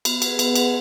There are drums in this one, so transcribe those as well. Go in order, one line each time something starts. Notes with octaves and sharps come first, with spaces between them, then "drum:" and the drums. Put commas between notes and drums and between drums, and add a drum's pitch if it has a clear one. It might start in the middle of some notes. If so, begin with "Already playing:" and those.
B3, drum: cymbal
G#4 B4 F#5, drum: cymbal
B3, drum: cymbal
G#4 B4 F#5, drum: cymbal